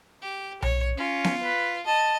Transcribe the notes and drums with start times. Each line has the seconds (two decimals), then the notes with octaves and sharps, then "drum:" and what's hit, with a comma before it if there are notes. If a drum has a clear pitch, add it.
0.22 G4
0.62 C#5, drum: tom B1
0.97 C#4 F4
1.24 drum: snare B3
1.43 B4
1.87 D#5 A5